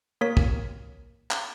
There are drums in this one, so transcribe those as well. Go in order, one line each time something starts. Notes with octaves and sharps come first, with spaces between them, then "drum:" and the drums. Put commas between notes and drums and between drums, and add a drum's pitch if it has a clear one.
A#3 A#4 C#5 B6
drum: kick
drum: clap